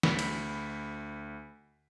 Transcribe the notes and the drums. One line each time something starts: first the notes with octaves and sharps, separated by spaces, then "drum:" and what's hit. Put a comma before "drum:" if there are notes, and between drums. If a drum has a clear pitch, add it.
D2 B5 B6, drum: snare
drum: cymbal